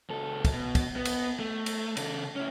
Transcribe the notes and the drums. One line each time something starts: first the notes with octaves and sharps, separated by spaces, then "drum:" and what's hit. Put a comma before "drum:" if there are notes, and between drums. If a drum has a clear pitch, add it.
C#2 A4
drum: kick, cymbal
B2
drum: kick, cymbal
B3
drum: cymbal
A3
drum: cymbal
C#3 A4, drum: cymbal
C#4 E4